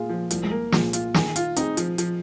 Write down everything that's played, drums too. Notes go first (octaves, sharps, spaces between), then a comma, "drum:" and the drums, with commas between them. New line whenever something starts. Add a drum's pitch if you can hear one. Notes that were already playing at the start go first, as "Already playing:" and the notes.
Already playing: A#2 G#3 F4 G#4
F3
C2 F3, drum: hi-hat
G#3
A#3
A#2 F3 G#3, drum: snare
F4, drum: hi-hat
D#3 G#4, drum: snare
F4, drum: hi-hat
C4 D#4 G#4, drum: hi-hat
F3, drum: hi-hat
F3, drum: hi-hat